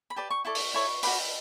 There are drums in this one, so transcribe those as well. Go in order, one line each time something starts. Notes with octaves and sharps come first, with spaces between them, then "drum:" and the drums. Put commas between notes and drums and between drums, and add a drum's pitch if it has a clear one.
B5
G4 B4 D5 A5
C#6
E4 A4 D5 C#6
drum: open hi-hat
E4 A4 C#5 C#6
F#4 B4 D5 B5, drum: open hi-hat